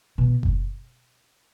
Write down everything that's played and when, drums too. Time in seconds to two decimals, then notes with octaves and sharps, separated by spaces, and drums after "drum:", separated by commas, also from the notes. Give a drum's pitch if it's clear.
0.18 B2
0.43 drum: kick F#1